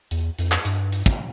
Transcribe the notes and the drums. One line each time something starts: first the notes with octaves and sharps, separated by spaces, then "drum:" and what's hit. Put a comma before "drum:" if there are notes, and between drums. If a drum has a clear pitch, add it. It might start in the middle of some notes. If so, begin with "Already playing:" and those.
E2, drum: hi-hat
F2, drum: hi-hat
drum: clap
G2, drum: hi-hat
drum: hi-hat
drum: kick